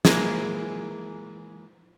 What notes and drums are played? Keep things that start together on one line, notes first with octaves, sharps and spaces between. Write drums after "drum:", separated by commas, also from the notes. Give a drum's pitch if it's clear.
E3 G#3 A#3 G#4, drum: snare